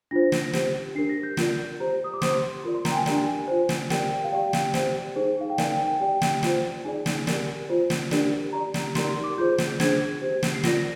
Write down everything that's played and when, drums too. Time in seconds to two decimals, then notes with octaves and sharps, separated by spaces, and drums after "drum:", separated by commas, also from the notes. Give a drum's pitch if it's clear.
0.11 D4 F4 C5 A#6
0.32 drum: snare
0.54 G4 C5, drum: snare
0.95 D4 G4 A#4 C7
1.09 A#6
1.23 G6
1.37 F4 A#4 D5, drum: snare
1.80 G4 C5 A#5
2.04 D#6
2.14 D6
2.22 G4 C5 C6, drum: snare
2.64 F4 A#4 D5 C6
2.75 C6
2.85 A#5, drum: snare
2.91 G5
2.95 G#5
3.06 D4 G4 A#4 D5, drum: snare
3.48 F4 C5
3.69 drum: snare
3.90 G4 A#4 D5 G5, drum: snare
4.24 F5
4.32 G4 D5 G5
4.53 drum: snare
4.74 G4 C5, drum: snare
5.16 D#4 G#4 C5
5.41 F5
5.50 G5
5.58 D#4 A#4 D5 G#5, drum: snare
5.72 G5
5.87 G5
6.01 G4 D5 G5
6.22 drum: snare
6.43 F4 C5, drum: snare
6.85 D#4 G#4 D5 G#5
7.06 drum: snare
7.27 G4 A#4 D5, drum: snare
7.69 F4 C5
7.90 drum: snare
8.11 D4 G4 A#4 D5, drum: snare
8.53 G4 D5 A#5
8.74 drum: snare
8.95 D#4 G4 A#4 D5 C6, drum: snare
9.09 C6
9.24 D6
9.37 F4 G#4 C5 G6
9.59 drum: snare
9.80 D4 G#4 C5 G#6, drum: snare
10.22 G4 C5
10.43 drum: snare
10.54 C7
10.64 F4 A#4 D5 A#6, drum: snare